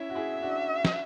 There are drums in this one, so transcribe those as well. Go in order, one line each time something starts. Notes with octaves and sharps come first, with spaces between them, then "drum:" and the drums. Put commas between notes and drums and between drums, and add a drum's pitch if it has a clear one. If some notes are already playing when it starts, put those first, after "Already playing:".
Already playing: C#4 E4 E5
F#4
E4 G#4
D4 F#4
drum: snare